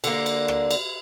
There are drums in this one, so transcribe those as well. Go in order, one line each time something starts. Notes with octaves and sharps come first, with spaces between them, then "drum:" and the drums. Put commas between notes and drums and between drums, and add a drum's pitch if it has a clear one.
D3 A#3, drum: cymbal
drum: cymbal
drum: rim click
drum: cymbal